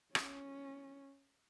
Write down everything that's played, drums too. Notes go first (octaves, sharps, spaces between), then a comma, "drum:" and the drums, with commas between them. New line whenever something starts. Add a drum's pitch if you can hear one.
C#4, drum: rim click